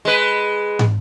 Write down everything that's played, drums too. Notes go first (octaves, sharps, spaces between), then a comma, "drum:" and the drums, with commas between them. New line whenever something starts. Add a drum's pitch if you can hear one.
G#3 B4
drum: tom